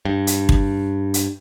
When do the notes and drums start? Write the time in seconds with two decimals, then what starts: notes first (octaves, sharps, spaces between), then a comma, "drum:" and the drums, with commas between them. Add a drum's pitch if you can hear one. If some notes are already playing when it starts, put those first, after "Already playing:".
0.05 G2
0.27 drum: hi-hat
0.49 drum: kick
1.14 drum: hi-hat